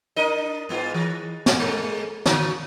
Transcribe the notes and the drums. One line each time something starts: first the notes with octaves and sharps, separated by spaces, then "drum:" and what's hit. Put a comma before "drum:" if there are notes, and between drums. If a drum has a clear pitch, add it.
D4 A#4 D#5
G#2 B3 F4
E3
drum: snare
G#2 G#3 A3
D3 F#4, drum: snare